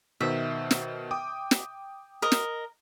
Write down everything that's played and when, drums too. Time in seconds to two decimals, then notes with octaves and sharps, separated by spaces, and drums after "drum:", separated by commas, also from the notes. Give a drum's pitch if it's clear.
0.21 B2 D#3 C5 E5
0.71 drum: snare
1.11 G5 D6 D#6
1.51 drum: snare
2.22 A#4 D#5
2.32 drum: snare